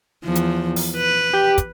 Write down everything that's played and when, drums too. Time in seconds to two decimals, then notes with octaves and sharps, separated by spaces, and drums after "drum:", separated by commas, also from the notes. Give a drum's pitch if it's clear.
0.24 E2 F3
0.35 drum: hi-hat
0.76 drum: open hi-hat
0.97 B4
1.33 G4
1.58 drum: kick, hi-hat